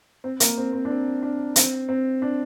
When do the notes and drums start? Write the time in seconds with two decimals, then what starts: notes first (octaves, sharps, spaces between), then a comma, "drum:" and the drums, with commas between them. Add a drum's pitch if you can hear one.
0.24 C4
0.40 A#3, drum: hi-hat
0.58 C4
0.73 C4
0.85 D4
0.90 C4
1.22 D4
1.56 C4, drum: hi-hat
1.89 C4
2.22 D4